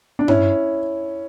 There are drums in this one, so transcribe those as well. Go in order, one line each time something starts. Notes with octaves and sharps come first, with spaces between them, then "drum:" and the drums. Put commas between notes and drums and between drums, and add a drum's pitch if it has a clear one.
D4
C#4 E4, drum: tom G2